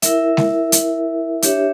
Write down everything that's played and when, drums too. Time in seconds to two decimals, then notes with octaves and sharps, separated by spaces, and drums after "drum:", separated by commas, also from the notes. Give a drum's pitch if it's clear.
0.02 E4 A#4 E5, drum: hi-hat
0.37 drum: snare G#3
0.72 drum: hi-hat
1.42 D4 G4 C#5 E5, drum: hi-hat